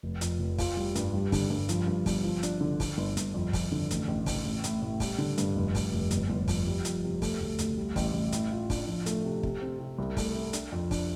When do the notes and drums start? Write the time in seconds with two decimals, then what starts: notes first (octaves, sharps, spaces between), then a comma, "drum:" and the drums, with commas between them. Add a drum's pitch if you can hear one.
0.03 F1
0.21 F2, drum: hi-hat
0.40 F1
0.58 F4, drum: kick, open hi-hat
0.77 G3
0.95 G2, drum: hi-hat
1.14 G3
1.32 D3, drum: kick, open hi-hat
1.50 G2
1.69 F3, drum: hi-hat
1.88 G2
2.06 G1, drum: kick, open hi-hat
2.24 F3
2.43 D4, drum: hi-hat
2.61 D3
2.80 D3, drum: kick, open hi-hat
2.98 G1
3.17 G1, drum: hi-hat
3.34 F2
3.53 F2, drum: kick, open hi-hat
3.72 D3
3.91 A1, drum: hi-hat
4.08 A1
4.26 A1, drum: kick, open hi-hat
4.45 A1
4.64 A2, drum: hi-hat
4.82 A2
5.00 G3, drum: kick, open hi-hat
5.18 D3
5.38 G2, drum: hi-hat
5.56 F1
5.75 F1, drum: kick, open hi-hat
5.93 F1
6.11 G1, drum: hi-hat
6.30 G1
6.48 F2, drum: kick, open hi-hat
6.66 G3
6.85 F2, drum: hi-hat
7.04 C3
7.22 A3, drum: kick, open hi-hat
7.40 D2
7.59 D2, drum: hi-hat
7.77 G3
7.96 A1, drum: kick, open hi-hat
8.13 A1
8.32 A2, drum: hi-hat
8.51 F4
8.70 D4, drum: kick, open hi-hat
8.88 F3
9.06 A3, drum: hi-hat
9.24 C3
9.43 C3, drum: kick
9.61 C4
9.79 C3
9.98 C2
10.17 A3, drum: kick, open hi-hat
10.35 C3
10.53 D4, drum: hi-hat
10.72 F2
10.91 D4, drum: kick, open hi-hat